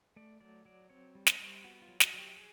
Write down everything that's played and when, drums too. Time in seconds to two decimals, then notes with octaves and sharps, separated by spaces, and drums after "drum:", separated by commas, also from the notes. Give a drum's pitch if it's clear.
0.16 A3 D5
0.40 F#3 D5
0.65 F#3 D5
0.90 C4 C#5
1.15 G3
1.27 C5, drum: snare
1.39 G3
1.64 B3 F#4
1.82 F4
1.88 F#3
2.00 F#4, drum: snare
2.14 F#3
2.19 G4
2.37 G#4